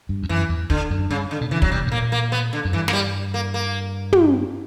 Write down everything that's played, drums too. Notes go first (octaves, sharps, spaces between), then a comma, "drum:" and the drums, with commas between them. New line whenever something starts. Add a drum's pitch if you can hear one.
G2
E2
F#2 E3
E2
D3, drum: kick
F#2
G2 C#3
D3
B2
C#3 E3
F#3, drum: kick
B2 G3
G2
A#2 A#3
A#3
B3
D3
F#2
G2 E3
A#3, drum: snare
G3
A#3
A#3
drum: tom